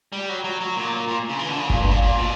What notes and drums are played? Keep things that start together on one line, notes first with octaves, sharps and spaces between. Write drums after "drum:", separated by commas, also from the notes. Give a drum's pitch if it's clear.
G3
F#3
F#3
F#3
A#2
A#2
C#3
E3
D3
C#3
A#2, drum: kick G1
G2
A#2
A#2
B2